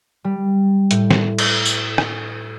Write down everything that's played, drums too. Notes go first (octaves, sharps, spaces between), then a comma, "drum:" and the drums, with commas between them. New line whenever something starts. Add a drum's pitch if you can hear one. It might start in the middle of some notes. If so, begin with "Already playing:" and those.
G3
A2, drum: hi-hat
drum: snare
drum: cymbal
drum: tambourine
drum: rim click